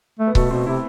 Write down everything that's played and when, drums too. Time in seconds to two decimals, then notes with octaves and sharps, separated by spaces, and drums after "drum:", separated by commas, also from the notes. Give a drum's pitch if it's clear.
0.20 A3
0.27 B3
0.35 B2 A3, drum: kick C#1
0.51 B2 C4
0.66 C3 E4